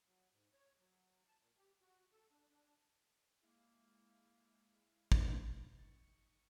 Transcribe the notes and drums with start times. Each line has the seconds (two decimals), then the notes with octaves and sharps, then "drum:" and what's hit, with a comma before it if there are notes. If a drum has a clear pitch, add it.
0.07 F#3
0.32 G#2
0.53 C#5
0.79 F#3
1.28 A5
1.41 A#2
1.57 G4
1.81 F#4
2.12 A4
2.30 D4
2.50 D4
3.42 G#3 A#3 E4 F5
5.12 drum: kick
5.79 D#3 G3 D#4 C#6 A6